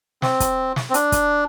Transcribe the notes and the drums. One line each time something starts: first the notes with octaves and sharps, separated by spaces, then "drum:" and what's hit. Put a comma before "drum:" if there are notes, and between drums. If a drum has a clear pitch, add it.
C4, drum: snare
drum: kick, hi-hat
drum: snare
C4
D4, drum: hi-hat
drum: kick, hi-hat